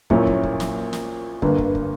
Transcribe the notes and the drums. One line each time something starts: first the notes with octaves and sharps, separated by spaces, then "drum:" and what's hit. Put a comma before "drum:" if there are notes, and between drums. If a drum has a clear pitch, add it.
A#1 A#2 F#3 C#4 E4, drum: kick
drum: kick
drum: kick
drum: snare
drum: snare
G1 G2 D3 A#3, drum: kick
drum: kick
drum: kick